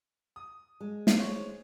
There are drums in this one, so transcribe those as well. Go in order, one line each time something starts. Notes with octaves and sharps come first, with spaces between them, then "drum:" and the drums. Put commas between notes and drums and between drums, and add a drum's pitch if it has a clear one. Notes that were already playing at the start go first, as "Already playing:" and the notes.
D#6
G#3
drum: snare
C5 C#5